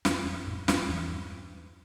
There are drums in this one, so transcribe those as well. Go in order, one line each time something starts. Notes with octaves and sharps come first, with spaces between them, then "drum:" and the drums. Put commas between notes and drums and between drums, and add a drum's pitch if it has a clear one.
F2, drum: snare
F2
F2 A2
E2 G2, drum: snare
E2 G2